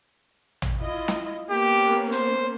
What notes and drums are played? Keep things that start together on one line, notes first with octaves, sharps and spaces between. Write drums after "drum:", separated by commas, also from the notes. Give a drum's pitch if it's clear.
drum: tom A1
E4 F4 D#5
drum: snare
A#3 B3 C#4 G4
C5, drum: hi-hat